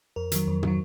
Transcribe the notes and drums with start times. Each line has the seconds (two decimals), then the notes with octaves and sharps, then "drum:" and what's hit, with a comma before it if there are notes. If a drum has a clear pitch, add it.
0.16 F2 A#4
0.32 D#3 F#3, drum: hi-hat
0.48 F2
0.63 D#3 F#3, drum: tom